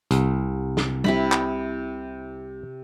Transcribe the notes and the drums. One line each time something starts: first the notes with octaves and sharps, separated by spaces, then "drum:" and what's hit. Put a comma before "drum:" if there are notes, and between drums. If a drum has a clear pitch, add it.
C2, drum: hi-hat
drum: snare
C3 E4 B5, drum: tom
drum: clap